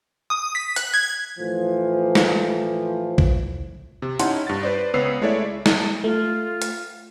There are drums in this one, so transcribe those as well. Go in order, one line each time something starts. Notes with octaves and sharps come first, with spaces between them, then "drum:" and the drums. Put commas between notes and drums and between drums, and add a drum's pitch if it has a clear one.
D#6
B6
F#6, drum: hi-hat
G#6
A2 E3 F3
drum: snare
drum: kick
C3
C#4 D#4 E4 F#5 A5 C6, drum: hi-hat
G2 A6
B4 C5 D5
C#2 B3 B4 C#5 E6 C7
G#3 A3 E4 C#5 D5 E5
drum: snare
A3 F4
drum: hi-hat